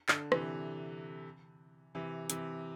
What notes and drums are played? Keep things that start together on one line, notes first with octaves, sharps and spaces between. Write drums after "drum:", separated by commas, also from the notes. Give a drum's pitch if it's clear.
D3, drum: clap
C3 E3, drum: rim click
C3 E3
C3 E3, drum: hi-hat